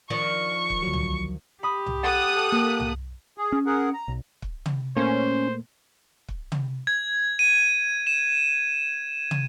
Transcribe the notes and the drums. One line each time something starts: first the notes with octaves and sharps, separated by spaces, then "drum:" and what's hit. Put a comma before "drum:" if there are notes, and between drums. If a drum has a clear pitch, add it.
D#3 F3 D4 C#6
drum: kick
D2 F#3
drum: tom C2
G4 B5 D#6
drum: tom C2
A4 F#5 A5 D#6 F#6
A#3
drum: tom C2
G#4
C#4
G#4 A#4 F#5
A#5
B1
drum: kick
drum: tom
A#2 A3 A#3 C#4 C5
drum: kick
drum: tom
G#6
D#7
E7
drum: tom